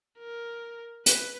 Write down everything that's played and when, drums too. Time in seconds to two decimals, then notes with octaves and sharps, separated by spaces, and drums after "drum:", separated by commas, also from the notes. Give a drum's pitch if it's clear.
0.19 A#4
1.06 B4, drum: hi-hat